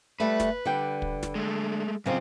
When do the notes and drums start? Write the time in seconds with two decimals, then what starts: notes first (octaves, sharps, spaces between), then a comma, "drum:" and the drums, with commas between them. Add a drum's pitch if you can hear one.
0.20 G3 A3 B4
0.40 drum: snare
0.65 D3 G3 G5
1.02 drum: kick
1.23 drum: snare
1.35 G#3 A3
2.06 F#2 C#3 C4 D#4 F4